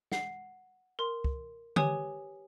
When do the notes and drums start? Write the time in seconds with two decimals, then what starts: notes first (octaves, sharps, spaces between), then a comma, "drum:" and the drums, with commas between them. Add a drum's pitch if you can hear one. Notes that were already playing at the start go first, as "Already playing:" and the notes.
0.12 F#5 C7, drum: snare
0.99 A#4 C6
1.24 drum: kick
1.76 G4 B4 C#5 G#5 D#6, drum: tom